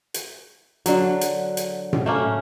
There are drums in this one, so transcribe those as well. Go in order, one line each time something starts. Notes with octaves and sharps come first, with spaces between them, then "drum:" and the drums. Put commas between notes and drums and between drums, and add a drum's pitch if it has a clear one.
drum: hi-hat
D3 F#3, drum: hi-hat
drum: hi-hat
drum: hi-hat
drum: tom A2
A3 A#3 C#4